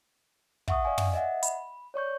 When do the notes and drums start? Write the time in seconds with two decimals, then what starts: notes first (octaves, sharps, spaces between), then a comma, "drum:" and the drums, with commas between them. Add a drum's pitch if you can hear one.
0.68 E5 F#5 C#6 D#6, drum: kick
0.85 D5 F5 G#5
0.98 drum: tom
1.13 D#5 E5 F#5
1.43 B5, drum: hi-hat
1.94 C#5 D5 C#6 G6